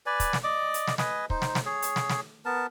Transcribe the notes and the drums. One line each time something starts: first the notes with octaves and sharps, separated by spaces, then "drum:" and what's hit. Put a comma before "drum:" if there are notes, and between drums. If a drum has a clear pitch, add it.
B4 D5 G#5
drum: kick, hi-hat
drum: snare
D5 D#5 D6
drum: hi-hat
drum: snare
B4 D#5 G#5, drum: snare
D#4 C5, drum: kick
drum: snare
drum: snare
G#4 C#5
drum: hi-hat
drum: snare
drum: snare
B3 A#4 A5